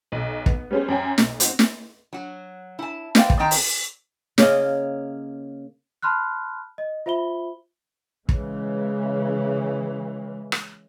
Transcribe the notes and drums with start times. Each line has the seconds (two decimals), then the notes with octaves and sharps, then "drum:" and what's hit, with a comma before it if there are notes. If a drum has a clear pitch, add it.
0.12 B1
0.46 B3, drum: kick
0.71 G3 B3 C#4 G#4 C5
0.88 F#2 C#4 G5 G#5
1.18 B1, drum: snare
1.40 C4 D#4 F#4 C5, drum: hi-hat
1.59 drum: snare
2.13 F#3 F#4
2.79 E4 A5
3.15 B4 C5 D5 E5 F5 G5, drum: snare
3.30 drum: kick
3.39 D#3 C4 G5 A5 A#5
3.51 drum: open hi-hat
4.38 C#3 A#3 D#5, drum: snare
6.02 A5 B5 C6 F6 F#6
6.78 D#5
7.06 F4 C5 E5 B5 G7
8.29 C#3 E3 G#3, drum: kick
10.52 drum: rim click